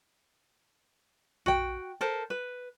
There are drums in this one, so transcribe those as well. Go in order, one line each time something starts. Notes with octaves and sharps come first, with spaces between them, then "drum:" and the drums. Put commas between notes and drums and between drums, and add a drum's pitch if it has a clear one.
F#4 G5, drum: tom A#1
A4 A#4 C5
B4